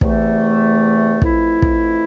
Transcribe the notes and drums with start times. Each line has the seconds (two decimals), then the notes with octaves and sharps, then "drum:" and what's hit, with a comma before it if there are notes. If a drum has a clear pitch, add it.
0.01 E2 C3 E3 A3, drum: kick
1.22 F2 E3 A3 E4, drum: kick
1.62 drum: kick